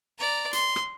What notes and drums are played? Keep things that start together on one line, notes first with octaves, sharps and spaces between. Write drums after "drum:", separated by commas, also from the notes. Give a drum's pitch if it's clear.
D5 A#5
C6, drum: hi-hat
drum: rim click